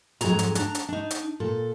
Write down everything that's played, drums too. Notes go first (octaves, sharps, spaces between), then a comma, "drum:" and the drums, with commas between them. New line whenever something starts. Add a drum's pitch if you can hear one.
F2 G#2 E3 F#3 G#4 A#5, drum: hi-hat
drum: hi-hat
D4 A#5, drum: hi-hat
drum: hi-hat
D4 D#4
drum: hi-hat
A#2 A4